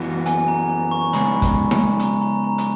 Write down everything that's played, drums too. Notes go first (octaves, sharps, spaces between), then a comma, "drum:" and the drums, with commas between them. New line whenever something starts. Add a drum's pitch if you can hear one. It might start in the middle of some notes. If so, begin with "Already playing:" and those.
Already playing: F#2 E3 B3 F#4
G#5, drum: hi-hat
A#5
A#5
C#6
C#3 G#3 B3 B5, drum: hi-hat
drum: kick, hi-hat
drum: snare D#4
A#5, drum: hi-hat
A#5
A#5
drum: hi-hat